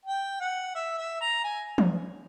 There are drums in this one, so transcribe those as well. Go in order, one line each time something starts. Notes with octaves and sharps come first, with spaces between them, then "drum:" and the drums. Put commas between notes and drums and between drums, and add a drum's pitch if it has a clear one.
G5
F#5
E5
E5
A#5
G#5
drum: tom E3